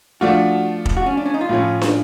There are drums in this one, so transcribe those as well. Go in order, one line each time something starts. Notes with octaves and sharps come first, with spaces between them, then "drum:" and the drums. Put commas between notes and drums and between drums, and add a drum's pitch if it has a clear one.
F3 A3 D4 F4 F#4
drum: kick
F#4
C#4
D4
C#4
D#4
F4
A2 F3 A3 C#4
drum: snare